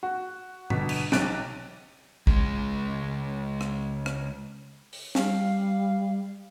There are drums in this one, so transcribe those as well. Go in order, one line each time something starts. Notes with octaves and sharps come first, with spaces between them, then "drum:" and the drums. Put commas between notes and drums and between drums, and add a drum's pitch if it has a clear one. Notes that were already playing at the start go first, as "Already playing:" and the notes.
F#4
G1 B2 B6, drum: tom G#2
drum: cymbal
B1 C3 F#6 A6 D7, drum: snare
C#2 G#3, drum: kick
drum: rim click
drum: rim click
drum: open hi-hat
G3 F5, drum: snare